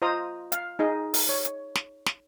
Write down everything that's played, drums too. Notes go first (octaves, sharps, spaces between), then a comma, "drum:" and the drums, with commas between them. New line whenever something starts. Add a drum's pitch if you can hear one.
F4 C5 D#5 A#5 D#6
F5, drum: hi-hat
D#4 G#4 D#5
drum: open hi-hat
C#5
drum: hi-hat
drum: snare
drum: snare